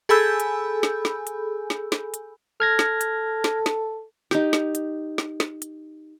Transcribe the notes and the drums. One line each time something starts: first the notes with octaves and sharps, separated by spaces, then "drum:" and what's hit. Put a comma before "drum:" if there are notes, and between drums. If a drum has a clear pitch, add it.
G#4 A4 G#5 B5 E6 G6
drum: hi-hat
drum: snare
drum: snare
drum: hi-hat
drum: snare
drum: snare
drum: hi-hat
A4 F6 G#6 A#6
drum: snare
drum: hi-hat
drum: snare
drum: snare
D#4 G4, drum: snare
drum: snare
drum: hi-hat
drum: snare
drum: snare
drum: hi-hat